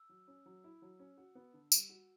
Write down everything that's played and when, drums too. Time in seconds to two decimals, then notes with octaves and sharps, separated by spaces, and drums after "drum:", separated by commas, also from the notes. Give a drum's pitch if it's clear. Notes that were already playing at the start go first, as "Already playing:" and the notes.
Already playing: E6
0.09 F#3
0.28 C#4
0.46 F#3
0.64 E4
0.82 F#3
1.00 C#4
1.17 F#4
1.35 B3
1.53 D3
1.72 G3, drum: tambourine
1.89 F#4